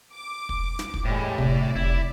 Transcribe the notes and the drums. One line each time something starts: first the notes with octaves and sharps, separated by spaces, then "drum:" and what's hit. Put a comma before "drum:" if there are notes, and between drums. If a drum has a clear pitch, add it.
D6
drum: kick
drum: snare
drum: kick
E2 A2 G3 G#3
C3 D5, drum: kick
F1 E4